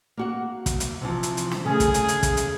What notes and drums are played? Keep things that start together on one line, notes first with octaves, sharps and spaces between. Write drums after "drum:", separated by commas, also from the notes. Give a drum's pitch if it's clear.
A#3 F#4 F#5
drum: kick, hi-hat
drum: hi-hat
C3 E3 F3
drum: hi-hat
drum: hi-hat
drum: snare
C#3 A3 G#4
drum: kick, hi-hat
drum: hi-hat
drum: hi-hat
drum: kick, hi-hat
drum: hi-hat